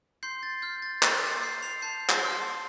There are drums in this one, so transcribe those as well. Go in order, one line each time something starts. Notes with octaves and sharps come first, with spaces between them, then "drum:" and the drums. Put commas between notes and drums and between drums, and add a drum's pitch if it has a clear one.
C6 G6 C7
A6
F6 G6
A6
C6 G6, drum: clap
A6
F6 G6 C7
C7 F7
A5 G6 C7
drum: clap
C6 F6